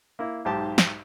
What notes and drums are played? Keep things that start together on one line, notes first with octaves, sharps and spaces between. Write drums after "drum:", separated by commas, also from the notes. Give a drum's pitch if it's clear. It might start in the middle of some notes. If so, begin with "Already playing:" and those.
A#3 E4
B1 G#2 G4 A5
drum: snare